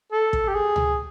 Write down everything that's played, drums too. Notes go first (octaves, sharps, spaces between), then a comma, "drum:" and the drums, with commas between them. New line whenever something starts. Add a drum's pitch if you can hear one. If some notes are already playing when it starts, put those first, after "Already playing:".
A4
drum: kick
G4
G#4
drum: tom C#2